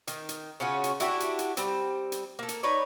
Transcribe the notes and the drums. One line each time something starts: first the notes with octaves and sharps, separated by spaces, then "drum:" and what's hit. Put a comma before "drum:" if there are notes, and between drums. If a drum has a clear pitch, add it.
D#3, drum: hi-hat
drum: hi-hat
C#3 C#4 F4 F#4
drum: hi-hat
D4 E4 F#4 G4, drum: hi-hat
drum: hi-hat
drum: hi-hat
G3 C4, drum: hi-hat
drum: hi-hat
A#3 A4
drum: hi-hat
D#4 B4 C#5 D5